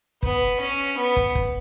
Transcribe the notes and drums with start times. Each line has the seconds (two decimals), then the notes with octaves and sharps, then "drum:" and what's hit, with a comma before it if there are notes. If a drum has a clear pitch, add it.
0.23 B3, drum: kick
0.60 C#4
0.97 B3
1.16 drum: kick
1.35 drum: kick